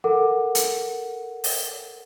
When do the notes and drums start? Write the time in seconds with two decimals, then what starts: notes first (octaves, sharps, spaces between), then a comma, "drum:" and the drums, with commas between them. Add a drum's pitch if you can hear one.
0.04 A4 A#4 F#5
0.55 drum: hi-hat
1.44 drum: open hi-hat